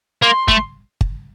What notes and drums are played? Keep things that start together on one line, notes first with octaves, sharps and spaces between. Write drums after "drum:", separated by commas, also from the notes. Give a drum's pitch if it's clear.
A#3 C6
A3, drum: kick G1
drum: kick G1